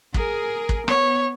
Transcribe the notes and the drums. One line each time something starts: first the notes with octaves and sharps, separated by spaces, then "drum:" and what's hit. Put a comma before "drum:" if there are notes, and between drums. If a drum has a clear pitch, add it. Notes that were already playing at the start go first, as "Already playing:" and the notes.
G#4 A#4, drum: kick
drum: kick
B3 C#5, drum: rim click